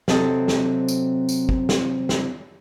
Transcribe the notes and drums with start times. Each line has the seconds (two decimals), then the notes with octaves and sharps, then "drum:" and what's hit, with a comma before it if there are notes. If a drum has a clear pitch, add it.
0.08 C3 F#3 C4 A4 D#5, drum: snare
0.48 drum: snare
0.88 drum: tambourine
1.29 drum: tambourine
1.49 drum: kick
1.69 drum: snare
2.09 drum: snare